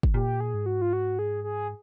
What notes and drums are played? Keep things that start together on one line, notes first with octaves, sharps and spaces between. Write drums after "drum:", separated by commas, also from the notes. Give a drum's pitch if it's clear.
drum: kick
A#2 G4
G#4
G#2
F#4
F4
F#4
G#4
G#4